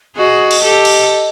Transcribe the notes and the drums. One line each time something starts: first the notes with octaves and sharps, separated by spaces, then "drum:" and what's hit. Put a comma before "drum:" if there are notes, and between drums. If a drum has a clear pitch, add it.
F#4 G#4 D#5
drum: cymbal
G4 A4
drum: cymbal